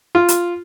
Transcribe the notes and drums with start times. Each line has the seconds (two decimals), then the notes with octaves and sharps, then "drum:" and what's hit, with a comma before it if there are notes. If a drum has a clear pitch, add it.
0.15 F4
0.28 drum: hi-hat